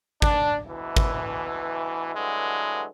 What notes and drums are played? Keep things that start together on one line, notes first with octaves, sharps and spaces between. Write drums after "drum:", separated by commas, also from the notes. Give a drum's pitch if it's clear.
D4, drum: kick
D2 B2 E3
drum: kick
G2 D3 E3 F#3 G#3